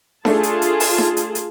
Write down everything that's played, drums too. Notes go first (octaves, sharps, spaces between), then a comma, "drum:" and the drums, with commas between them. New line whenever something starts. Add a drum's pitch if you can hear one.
A3 D4 F4 G#4 A4 A5, drum: snare D#4
drum: hi-hat
drum: hi-hat
drum: open hi-hat
drum: snare D#4
drum: hi-hat
drum: hi-hat